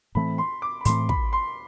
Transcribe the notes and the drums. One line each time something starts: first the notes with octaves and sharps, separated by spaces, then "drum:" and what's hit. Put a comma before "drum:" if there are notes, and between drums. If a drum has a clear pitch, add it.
A2 E3 A3 C4 B5
C6
D6
B5
A2 E3 A3 C4 C6, drum: hi-hat
B5, drum: kick
C6